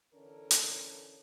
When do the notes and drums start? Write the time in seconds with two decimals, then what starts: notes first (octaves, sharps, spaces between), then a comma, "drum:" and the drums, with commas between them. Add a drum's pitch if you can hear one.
0.14 D3 E3 C#4 A4 A#4
0.51 drum: hi-hat